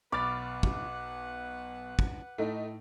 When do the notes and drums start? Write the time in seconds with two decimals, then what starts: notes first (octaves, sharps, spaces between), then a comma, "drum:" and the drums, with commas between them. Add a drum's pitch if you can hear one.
0.12 B1 B4 F#5 B5 D6 F6 A6
0.63 drum: kick
1.99 drum: kick
2.38 A2 A3 D#4